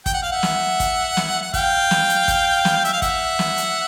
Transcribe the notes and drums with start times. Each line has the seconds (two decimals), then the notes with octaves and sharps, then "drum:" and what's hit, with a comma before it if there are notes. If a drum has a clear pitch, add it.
0.06 G5, drum: kick, hi-hat
0.14 F#5
0.22 F5
0.32 E5 F#5
0.43 drum: snare
0.80 drum: kick, hi-hat
1.17 drum: snare
1.42 F#5
1.54 F5 G5, drum: kick, hi-hat
1.91 drum: snare
2.09 drum: hi-hat
2.28 drum: kick, hi-hat
2.65 drum: snare
2.85 E5, drum: hi-hat
2.93 F5
3.02 E5 F#5, drum: kick, hi-hat
3.39 drum: snare
3.57 drum: hi-hat